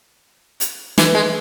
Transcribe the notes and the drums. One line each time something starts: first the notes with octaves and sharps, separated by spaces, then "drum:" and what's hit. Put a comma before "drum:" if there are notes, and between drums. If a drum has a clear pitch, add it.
drum: hi-hat
E3, drum: snare
G#3